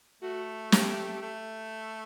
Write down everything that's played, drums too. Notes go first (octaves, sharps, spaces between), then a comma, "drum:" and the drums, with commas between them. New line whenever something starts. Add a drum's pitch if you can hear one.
A3 F#4
G4, drum: snare
A3